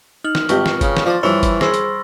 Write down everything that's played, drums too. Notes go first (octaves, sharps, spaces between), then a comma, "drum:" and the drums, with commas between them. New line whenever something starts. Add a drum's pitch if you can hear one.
D#4 F6 F#7
drum: snare
G#1 G3 F4 G4 B4 G5 C#6, drum: hi-hat
drum: snare
C#3, drum: kick, hi-hat
drum: snare
F3 D5 C6 A6
G2 E3 F3 C#5 B5 C#6 E6
drum: kick, hi-hat
G#4 C5 C6 E6 A#6, drum: snare
drum: hi-hat